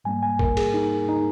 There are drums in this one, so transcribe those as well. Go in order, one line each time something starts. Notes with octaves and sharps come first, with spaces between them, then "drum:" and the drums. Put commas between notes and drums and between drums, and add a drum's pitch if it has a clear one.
G#2 G3 A#3 G#5
G#5
A#4, drum: kick
G#4, drum: cymbal
D#4
D#4